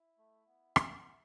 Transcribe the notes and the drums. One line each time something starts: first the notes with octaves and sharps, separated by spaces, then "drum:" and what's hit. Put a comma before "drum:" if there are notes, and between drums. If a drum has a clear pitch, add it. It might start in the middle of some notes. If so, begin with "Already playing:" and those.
Already playing: E4
A3
B3
C#4, drum: rim click
B3